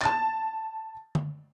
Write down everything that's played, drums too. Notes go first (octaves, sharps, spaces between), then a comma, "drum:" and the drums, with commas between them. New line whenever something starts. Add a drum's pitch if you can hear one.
A5 A6, drum: clap
drum: tom D3